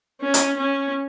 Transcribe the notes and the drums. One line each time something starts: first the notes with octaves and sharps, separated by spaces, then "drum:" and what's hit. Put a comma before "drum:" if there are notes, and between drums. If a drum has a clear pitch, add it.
C#4
drum: hi-hat
C#4